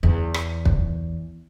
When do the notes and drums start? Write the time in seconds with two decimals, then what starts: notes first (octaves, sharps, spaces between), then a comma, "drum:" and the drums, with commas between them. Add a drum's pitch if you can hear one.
0.03 E2
0.34 drum: rim click
0.65 drum: kick